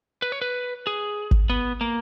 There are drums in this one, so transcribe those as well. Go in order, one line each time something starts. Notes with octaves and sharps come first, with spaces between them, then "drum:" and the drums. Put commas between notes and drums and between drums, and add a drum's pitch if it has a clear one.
B4
C#5
B4
G#4
drum: kick G#1
B3
A#3